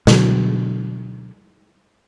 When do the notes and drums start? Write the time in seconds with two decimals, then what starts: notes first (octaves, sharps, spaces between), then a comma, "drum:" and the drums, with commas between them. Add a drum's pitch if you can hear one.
0.07 B2 D3 F#3, drum: snare